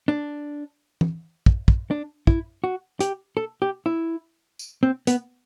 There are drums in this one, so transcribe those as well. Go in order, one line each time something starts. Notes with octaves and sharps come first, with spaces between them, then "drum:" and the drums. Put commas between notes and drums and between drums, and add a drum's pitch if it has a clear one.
D4
drum: tom
drum: kick
drum: kick
D4
E4, drum: kick
F#4
G4, drum: hi-hat
A4
G4
E4
drum: tambourine
C4
B3, drum: hi-hat